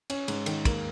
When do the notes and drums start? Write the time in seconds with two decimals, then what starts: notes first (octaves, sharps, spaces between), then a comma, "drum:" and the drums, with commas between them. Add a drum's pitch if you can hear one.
0.10 C#4, drum: cymbal
0.28 G#2, drum: cymbal
0.46 D#3, drum: cymbal
0.65 A#3, drum: kick, cymbal